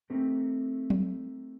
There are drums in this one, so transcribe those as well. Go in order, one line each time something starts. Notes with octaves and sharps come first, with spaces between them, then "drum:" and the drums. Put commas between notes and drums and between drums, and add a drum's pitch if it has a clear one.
A3 C4 D#4 G4 A#4
drum: tom F#3